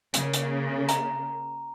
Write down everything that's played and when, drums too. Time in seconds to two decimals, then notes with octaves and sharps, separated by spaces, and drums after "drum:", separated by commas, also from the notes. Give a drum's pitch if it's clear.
0.14 C#3 A#3, drum: hi-hat
0.34 drum: hi-hat
0.89 A#5, drum: hi-hat